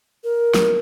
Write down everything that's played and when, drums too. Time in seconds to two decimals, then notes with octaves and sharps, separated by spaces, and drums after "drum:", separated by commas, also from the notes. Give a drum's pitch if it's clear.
0.24 A#4
0.54 drum: snare